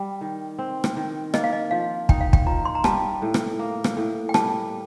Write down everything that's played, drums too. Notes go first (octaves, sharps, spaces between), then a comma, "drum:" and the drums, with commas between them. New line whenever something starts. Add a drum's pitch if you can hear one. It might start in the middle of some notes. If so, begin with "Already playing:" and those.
Already playing: G3
D#3
C4
drum: rim click
D#3
A#3 D#5, drum: rim click
F5
D#5
F3 F5
D#4 G5, drum: kick
F5
G5, drum: kick
F3 A#5
C6
A#5
G3 A5, drum: rim click
A2
drum: rim click
A#3
drum: rim click
A2
G5
G3 A5, drum: rim click